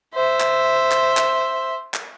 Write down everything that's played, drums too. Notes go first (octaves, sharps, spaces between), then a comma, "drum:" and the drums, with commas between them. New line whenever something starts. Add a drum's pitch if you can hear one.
C5 E5
drum: clap
drum: clap
drum: clap
drum: clap